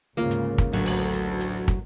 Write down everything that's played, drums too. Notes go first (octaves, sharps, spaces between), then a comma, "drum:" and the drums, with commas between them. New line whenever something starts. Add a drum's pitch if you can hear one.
D2 G#2 C#3 A#3 F4
drum: hi-hat
drum: kick, hi-hat
A1 D2 F#3
drum: open hi-hat
drum: hi-hat
drum: hi-hat
drum: kick, hi-hat